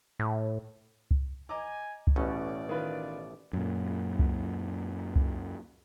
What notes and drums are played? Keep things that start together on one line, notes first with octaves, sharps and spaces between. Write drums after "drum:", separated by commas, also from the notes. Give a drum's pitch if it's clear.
A2
drum: kick
D#5 G#5 A#5 D6
drum: kick
A1 B2 C#4 D5
D#3 F4 B4
F#2 A#2
drum: kick
drum: kick